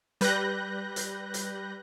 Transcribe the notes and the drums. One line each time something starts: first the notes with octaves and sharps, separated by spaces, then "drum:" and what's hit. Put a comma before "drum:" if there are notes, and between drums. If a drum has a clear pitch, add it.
G3 B4 F#6 G6 A#6, drum: hi-hat
drum: hi-hat
drum: hi-hat